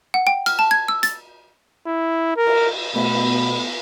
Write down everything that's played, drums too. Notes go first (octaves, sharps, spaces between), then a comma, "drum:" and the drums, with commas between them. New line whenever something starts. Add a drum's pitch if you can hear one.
F#5
G5
F6, drum: cymbal
A5
G#6
E6
A6, drum: hi-hat
E4
A#4
drum: cymbal
B2 A3 B3 B5, drum: cymbal